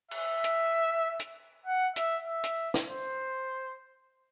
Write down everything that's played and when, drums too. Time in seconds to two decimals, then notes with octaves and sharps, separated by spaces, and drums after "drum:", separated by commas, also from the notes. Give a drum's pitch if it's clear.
0.11 E5, drum: cymbal
0.44 drum: hi-hat
1.19 drum: hi-hat
1.66 F#5
1.96 E5, drum: hi-hat
2.26 E5
2.44 drum: hi-hat
2.74 drum: snare
2.88 C5